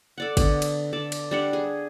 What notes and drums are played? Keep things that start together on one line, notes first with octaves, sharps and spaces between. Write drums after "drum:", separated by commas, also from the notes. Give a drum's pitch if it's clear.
A4 D5 F#5
D3 B3, drum: kick, cymbal
drum: cymbal
A4 D5 A5
drum: cymbal
G3 D4 F#5
G#4